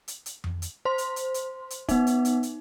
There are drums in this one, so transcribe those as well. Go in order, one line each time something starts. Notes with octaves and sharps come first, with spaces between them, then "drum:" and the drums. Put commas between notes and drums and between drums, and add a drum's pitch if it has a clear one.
drum: hi-hat
drum: hi-hat
drum: tom F2
drum: hi-hat
C5 C6
drum: hi-hat
drum: hi-hat
drum: hi-hat
drum: hi-hat
B3 D#4 E5, drum: kick, hi-hat
drum: hi-hat
drum: hi-hat
drum: hi-hat